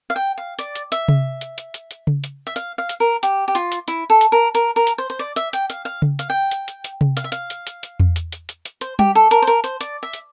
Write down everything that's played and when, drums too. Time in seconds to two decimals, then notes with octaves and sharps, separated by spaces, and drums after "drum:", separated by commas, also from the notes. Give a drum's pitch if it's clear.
0.10 F5
0.16 G5
0.38 F5
0.59 D5, drum: hi-hat
0.76 drum: hi-hat
0.92 E5, drum: hi-hat
1.08 drum: tom C3
1.41 drum: hi-hat
1.58 drum: hi-hat
1.74 drum: hi-hat
1.91 drum: hi-hat
2.07 drum: tom C#3
2.24 drum: hi-hat
2.47 E5
2.56 F5, drum: hi-hat
2.78 F5
2.89 drum: hi-hat
3.00 A#4
3.23 G4, drum: hi-hat
3.48 G4
3.55 F4, drum: hi-hat
3.72 drum: hi-hat
3.88 E4, drum: hi-hat
4.10 A4
4.21 drum: hi-hat
4.32 A#4
4.55 A#4, drum: hi-hat
4.76 A#4
4.87 drum: hi-hat
4.98 C5
5.10 C5
5.19 D5
5.36 E5, drum: hi-hat
5.53 G5, drum: hi-hat
5.70 F5, drum: hi-hat
5.85 F5
6.02 drum: tom C#3
6.19 F5, drum: hi-hat
6.30 G5
6.51 drum: hi-hat
6.68 drum: hi-hat
6.84 drum: hi-hat
7.01 drum: tom C3
7.17 F5, drum: hi-hat
7.24 E5
7.32 F5, drum: hi-hat
7.50 drum: hi-hat
7.67 drum: hi-hat
7.83 drum: hi-hat
8.00 drum: tom E2
8.16 drum: hi-hat
8.32 drum: hi-hat
8.49 drum: hi-hat
8.65 drum: hi-hat
8.81 C5, drum: hi-hat
8.99 G4, drum: tom G3
9.15 A4
9.31 A#4, drum: hi-hat
9.42 C5
9.47 A#4, drum: hi-hat
9.64 C5, drum: hi-hat
9.81 D5, drum: hi-hat
10.03 E5
10.13 drum: hi-hat